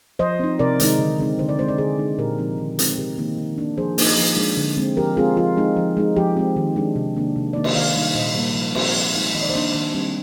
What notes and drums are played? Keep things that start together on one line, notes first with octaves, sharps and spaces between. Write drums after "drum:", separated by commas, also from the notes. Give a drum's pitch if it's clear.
F3 C5 D#5
C4 D#4
C3 A#4 D5
D#3 G#3 D#4, drum: hi-hat
D3
G#3 C4 D#4
D3 C5
D5
G#3 C4 D#4 C5
D5
D3 G#4 C5
G#3 D#4
A#2 G4 A#4
F3 C4 D#4
D#3
G#3 C4 D#4, drum: hi-hat
C3 G4 A#4
D#3 A#3 D#4
D#3
A#3 D4
F3 G#4 C5
A#3 D#4, drum: open hi-hat
F3
G#3 D4
D3
G#3 C4
F3 G4 A#4
G#3 C4 F4 G#4
F3 F4
G#3 C4 D#4
F3
G#3 D#4
F3 G4
G#3 C4
D#3
G#3 D4
C3
D#3 A#3 D4
C3
D#3 A#3 D#4 D5
D#5, drum: cymbal
D#3 D5 F5
G3 A#3 D#4
A#2 C5 D#5
G3 A#3
F3
C4 D#4, drum: cymbal
F3
G#3 D#4
D#3 D#5
D5
C5 D#5
A#3 D4
D#3
G3 C4